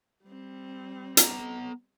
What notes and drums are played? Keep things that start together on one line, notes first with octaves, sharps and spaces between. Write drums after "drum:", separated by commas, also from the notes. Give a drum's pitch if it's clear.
G3 C4
B3 A#5, drum: hi-hat